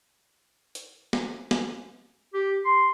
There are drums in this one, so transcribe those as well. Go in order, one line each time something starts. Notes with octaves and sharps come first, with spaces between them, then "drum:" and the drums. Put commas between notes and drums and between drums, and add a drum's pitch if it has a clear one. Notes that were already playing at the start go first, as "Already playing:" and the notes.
drum: hi-hat
drum: snare
drum: snare
G4
C6